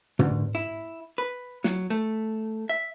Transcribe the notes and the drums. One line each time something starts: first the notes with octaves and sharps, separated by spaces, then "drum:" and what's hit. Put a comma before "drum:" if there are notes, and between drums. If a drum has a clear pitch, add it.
D2, drum: tom
E4
B4
F#3, drum: snare
A3
E5